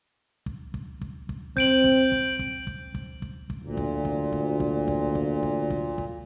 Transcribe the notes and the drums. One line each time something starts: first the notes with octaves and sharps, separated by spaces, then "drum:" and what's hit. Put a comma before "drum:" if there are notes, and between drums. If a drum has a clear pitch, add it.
drum: kick
drum: kick
drum: kick
drum: kick
C4 G6 D7 F#7, drum: kick
drum: kick
drum: kick
drum: kick
drum: kick
drum: kick
drum: kick
drum: kick
D2 A#2
drum: kick
drum: kick
drum: kick
drum: kick
drum: kick
drum: kick
drum: kick
drum: kick
drum: kick